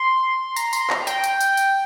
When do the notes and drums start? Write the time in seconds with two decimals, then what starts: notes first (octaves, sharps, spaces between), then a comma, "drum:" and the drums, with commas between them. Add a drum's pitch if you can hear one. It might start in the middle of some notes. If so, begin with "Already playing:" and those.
Already playing: C6
0.56 A#5, drum: tambourine
0.73 C6, drum: tambourine
0.90 A#5, drum: clap
1.07 G5, drum: tambourine
1.24 drum: tambourine
1.40 drum: tambourine
1.57 drum: tambourine